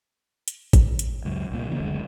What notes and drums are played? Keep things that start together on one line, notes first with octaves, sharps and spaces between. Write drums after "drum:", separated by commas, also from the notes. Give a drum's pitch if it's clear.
drum: hi-hat
drum: kick, hi-hat
drum: hi-hat
C#2 F#2
C2 A#2
C#3 E3 F#3 A#3
F#1 D2 D3 G#3